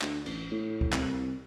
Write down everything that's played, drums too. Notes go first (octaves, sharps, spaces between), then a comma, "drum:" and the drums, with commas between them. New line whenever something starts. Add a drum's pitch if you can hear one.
D2, drum: clap
A1, drum: cymbal
A2
drum: kick C#2
C2, drum: clap